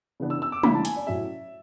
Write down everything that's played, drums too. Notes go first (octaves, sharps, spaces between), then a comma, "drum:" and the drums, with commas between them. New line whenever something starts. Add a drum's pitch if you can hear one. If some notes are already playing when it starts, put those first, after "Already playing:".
C#3 E3 B3 D4
E6
E6
D6
C#3 E3 B3 D4 B5, drum: tom
A5
G#5, drum: hi-hat
D5
A2 F#3 C#4 E5